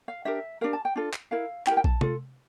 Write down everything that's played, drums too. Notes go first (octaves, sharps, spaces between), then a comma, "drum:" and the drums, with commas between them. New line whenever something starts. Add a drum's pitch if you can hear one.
F5
D4 G4 A#4 E5
D4 G4 A#4 F5
A5
G5
D4 F4 A4
drum: clap
E4 A#4 F5
E4 G4 A#4 G5, drum: clap
G5
A5, drum: kick A#1
F4 A4, drum: tom C3